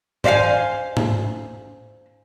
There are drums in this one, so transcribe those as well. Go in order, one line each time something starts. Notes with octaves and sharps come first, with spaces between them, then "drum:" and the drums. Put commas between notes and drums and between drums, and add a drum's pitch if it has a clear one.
C5 D5 E5 F5 G#5, drum: tom G2
drum: tom G#2